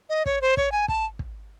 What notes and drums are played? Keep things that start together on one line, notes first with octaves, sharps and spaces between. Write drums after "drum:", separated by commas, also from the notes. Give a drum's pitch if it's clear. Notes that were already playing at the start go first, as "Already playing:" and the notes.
D#5
C#5, drum: kick
C5
C#5, drum: kick
G#5
A5, drum: kick
drum: kick